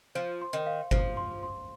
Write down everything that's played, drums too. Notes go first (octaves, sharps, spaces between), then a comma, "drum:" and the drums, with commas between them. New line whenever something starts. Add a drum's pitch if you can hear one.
F3 C5
C6
D#3
F5
F3 C5, drum: kick G1
C6
C6